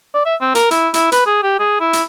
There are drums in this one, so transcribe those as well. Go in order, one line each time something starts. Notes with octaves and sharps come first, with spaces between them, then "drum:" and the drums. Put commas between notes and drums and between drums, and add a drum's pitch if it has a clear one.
D5
E5
C4
A#4, drum: hi-hat
E4, drum: hi-hat
E4, drum: hi-hat
B4, drum: hi-hat
G#4
G4
G#4
E4
drum: hi-hat